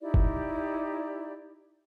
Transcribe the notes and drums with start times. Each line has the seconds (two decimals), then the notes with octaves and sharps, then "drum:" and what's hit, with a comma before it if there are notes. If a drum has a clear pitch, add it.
0.01 D#4 E4 G4 D5
0.14 drum: kick F#1